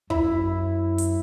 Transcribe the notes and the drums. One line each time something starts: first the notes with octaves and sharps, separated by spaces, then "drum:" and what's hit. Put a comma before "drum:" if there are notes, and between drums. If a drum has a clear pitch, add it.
F#2 E4, drum: kick
drum: hi-hat